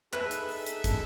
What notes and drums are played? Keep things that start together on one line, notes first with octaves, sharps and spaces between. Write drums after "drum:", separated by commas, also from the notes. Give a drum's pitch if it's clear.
D#4 G#4 A4 B4 E5, drum: clap
drum: hi-hat
drum: open hi-hat
drum: hi-hat
drum: kick, hi-hat